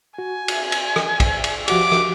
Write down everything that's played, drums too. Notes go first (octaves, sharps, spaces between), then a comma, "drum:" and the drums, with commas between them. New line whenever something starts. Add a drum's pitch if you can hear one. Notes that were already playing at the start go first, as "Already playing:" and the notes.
F#4 G#5
drum: cymbal
drum: cymbal
drum: rim click
drum: kick, cymbal
drum: cymbal
F3 F#4 G4 D6, drum: cymbal
drum: rim click